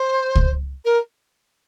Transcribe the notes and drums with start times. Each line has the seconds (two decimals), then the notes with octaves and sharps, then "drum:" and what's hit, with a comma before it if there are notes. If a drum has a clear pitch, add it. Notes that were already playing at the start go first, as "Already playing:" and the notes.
Already playing: C5
0.35 drum: kick C#2
0.84 A#4